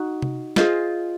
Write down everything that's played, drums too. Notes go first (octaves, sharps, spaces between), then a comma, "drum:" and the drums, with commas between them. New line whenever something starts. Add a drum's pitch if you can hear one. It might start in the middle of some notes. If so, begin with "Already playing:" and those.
Already playing: D#4 F#4
drum: tom C3
F4 G#4 C5 D#5, drum: snare